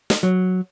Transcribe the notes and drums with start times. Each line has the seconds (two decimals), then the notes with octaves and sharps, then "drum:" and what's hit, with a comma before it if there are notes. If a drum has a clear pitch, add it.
0.10 drum: snare
0.23 F#3